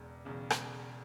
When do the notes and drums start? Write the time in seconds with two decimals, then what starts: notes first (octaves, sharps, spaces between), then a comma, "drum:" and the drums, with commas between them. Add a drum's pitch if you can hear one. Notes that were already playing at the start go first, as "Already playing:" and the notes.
Already playing: E1 E2 C#3
0.25 E1 E2 C#3
0.50 drum: rim click